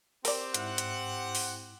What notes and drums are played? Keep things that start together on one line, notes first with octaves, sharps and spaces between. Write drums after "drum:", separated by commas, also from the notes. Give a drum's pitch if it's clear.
C4 G4 A#4 D5, drum: open hi-hat
G#2 E4 F#5, drum: hi-hat
drum: hi-hat
drum: open hi-hat